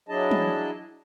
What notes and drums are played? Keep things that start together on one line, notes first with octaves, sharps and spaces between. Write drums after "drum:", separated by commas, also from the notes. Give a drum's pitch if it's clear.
F#3 D4 E4 G#4 D#5 A5
drum: tom